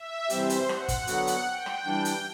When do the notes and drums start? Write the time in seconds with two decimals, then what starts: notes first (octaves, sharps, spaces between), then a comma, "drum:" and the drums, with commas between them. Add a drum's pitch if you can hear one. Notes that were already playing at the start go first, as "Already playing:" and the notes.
Already playing: E5
0.30 C3 E3 G3 C4 G4 C5, drum: hi-hat
0.50 drum: hi-hat
0.69 F#5, drum: rim click
0.88 drum: kick, hi-hat
1.07 D3 F#3 B3 F#4 F#5, drum: hi-hat
1.27 drum: hi-hat
1.46 G5
1.66 drum: rim click
1.86 E3 G3 D4
2.05 drum: hi-hat